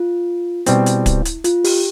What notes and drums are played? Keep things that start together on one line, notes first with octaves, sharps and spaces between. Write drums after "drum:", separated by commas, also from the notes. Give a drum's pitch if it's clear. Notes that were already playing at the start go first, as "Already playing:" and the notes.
Already playing: F4
B2 G3 C4 E4, drum: hi-hat
drum: hi-hat
drum: kick D1, hi-hat
drum: hi-hat
F4, drum: hi-hat
G4, drum: open hi-hat